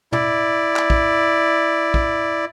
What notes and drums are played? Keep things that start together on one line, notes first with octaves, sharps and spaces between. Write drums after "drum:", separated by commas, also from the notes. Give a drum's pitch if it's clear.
E4 D5, drum: tom
drum: clap
drum: kick
drum: kick